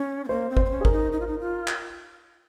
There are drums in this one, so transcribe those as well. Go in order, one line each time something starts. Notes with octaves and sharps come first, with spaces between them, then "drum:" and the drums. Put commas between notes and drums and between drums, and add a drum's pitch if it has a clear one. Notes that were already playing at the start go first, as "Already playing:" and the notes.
Already playing: C#4
C4
A#3 C5
C4
C5, drum: kick
C4
C#4
G#4
A#4, drum: kick
D#4
D#4
F4
D#4
F4
drum: clap